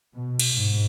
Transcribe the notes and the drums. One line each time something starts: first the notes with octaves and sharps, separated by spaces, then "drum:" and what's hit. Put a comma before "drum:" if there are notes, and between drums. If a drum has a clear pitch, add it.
B2
drum: cymbal
G#2